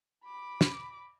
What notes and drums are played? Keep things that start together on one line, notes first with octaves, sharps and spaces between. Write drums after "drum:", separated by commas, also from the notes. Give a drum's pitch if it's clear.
B5 D6
drum: snare